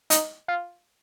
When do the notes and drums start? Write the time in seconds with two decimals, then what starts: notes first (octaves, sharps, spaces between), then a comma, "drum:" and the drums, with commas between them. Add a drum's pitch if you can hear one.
0.10 D#4, drum: hi-hat
0.48 F4